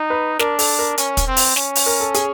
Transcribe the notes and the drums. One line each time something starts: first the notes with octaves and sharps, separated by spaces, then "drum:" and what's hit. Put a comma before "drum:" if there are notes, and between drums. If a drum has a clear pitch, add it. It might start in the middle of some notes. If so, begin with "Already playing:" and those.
Already playing: D#4
B4
D4 A#4, drum: snare
A4, drum: open hi-hat
A#4
C#4, drum: hi-hat
drum: kick, hi-hat
C4
drum: open hi-hat
C#4, drum: snare
drum: open hi-hat
A#4
A4
G#4, drum: hi-hat